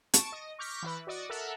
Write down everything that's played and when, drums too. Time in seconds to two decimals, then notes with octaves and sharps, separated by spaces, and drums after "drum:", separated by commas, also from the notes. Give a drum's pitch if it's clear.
0.14 A5 C#6 D7 E7, drum: hi-hat
0.32 D#5
0.59 C#6 D6 F6 G6 A#6 B6
0.82 E3 E4 B4
1.07 F#4 D5 D#5
1.30 A4 A#4 E5 F#5